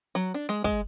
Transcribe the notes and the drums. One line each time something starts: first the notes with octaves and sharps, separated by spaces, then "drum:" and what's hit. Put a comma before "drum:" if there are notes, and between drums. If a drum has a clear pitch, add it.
F#3
D4
G#3
G#3, drum: kick